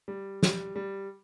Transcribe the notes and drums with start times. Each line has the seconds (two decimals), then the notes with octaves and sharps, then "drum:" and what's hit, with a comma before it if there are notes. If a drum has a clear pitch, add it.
0.08 G3
0.43 G3, drum: snare
0.76 G3